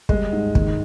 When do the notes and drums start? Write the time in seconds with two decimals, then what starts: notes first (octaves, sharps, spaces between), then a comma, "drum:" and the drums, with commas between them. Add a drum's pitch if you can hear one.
0.09 G3 G#3, drum: kick
0.33 G#2
0.55 D#3, drum: kick